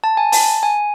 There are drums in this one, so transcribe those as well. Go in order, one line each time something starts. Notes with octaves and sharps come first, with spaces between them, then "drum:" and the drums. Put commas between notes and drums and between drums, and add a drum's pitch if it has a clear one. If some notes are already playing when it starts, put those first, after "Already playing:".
A5
G#5
A5, drum: open hi-hat
G#5